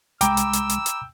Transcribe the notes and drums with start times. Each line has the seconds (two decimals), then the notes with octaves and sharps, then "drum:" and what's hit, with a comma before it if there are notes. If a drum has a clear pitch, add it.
0.21 C2 G#3 G5 A#5 B5 D6 E6, drum: hi-hat
0.37 drum: hi-hat
0.53 drum: hi-hat
0.70 drum: hi-hat
0.86 drum: hi-hat